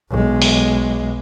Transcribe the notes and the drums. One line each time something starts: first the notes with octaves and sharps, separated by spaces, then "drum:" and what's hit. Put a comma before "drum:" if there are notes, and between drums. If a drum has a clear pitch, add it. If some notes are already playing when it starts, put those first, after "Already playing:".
B1 G#3
drum: open hi-hat